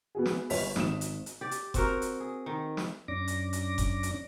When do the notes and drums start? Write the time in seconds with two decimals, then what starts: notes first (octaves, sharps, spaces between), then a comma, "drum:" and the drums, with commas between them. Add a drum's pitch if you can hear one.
0.15 B3 F#4 G#4
0.26 drum: snare
0.50 G1 C#5 B6, drum: open hi-hat
0.76 G#1 D#6 E7, drum: snare
1.01 drum: hi-hat
1.26 drum: hi-hat
1.41 G4 D5
1.51 drum: hi-hat
1.74 C4 F#4 A#4, drum: kick F1, hi-hat
2.02 drum: hi-hat
2.20 G#4
2.46 D#3
2.77 drum: snare
3.08 F#2 C#4 D4 D5 D6 A#6
3.28 drum: hi-hat
3.53 drum: hi-hat
3.78 drum: kick F1, hi-hat
4.03 drum: hi-hat